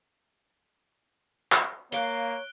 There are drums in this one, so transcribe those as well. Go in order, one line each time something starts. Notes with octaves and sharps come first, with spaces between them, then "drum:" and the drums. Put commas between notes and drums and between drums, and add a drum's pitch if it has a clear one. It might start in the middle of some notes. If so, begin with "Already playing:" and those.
drum: clap
A#3 C#5 F5 F#6 D7 G7, drum: hi-hat